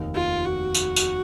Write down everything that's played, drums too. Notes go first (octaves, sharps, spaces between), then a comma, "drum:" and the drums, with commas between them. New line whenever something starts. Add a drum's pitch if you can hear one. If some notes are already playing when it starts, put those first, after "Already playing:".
Already playing: F1 D#2 D#3
F4
F#4
drum: tambourine
drum: tambourine